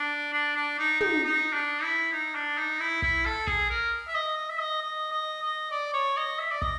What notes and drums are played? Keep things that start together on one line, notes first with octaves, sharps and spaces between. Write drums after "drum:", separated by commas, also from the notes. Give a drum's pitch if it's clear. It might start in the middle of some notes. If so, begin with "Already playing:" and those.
Already playing: D4
D4
D4
D#4
D#4, drum: tom
D#4
D4
E4
D#4
D4
D#4
E4
E4, drum: kick
A4
G#4, drum: kick
A#4
E5
D#5
D#5
E5
D#5
D#5
D#5
D#5
D5
C#5
D#5
E5
D5
D#5, drum: kick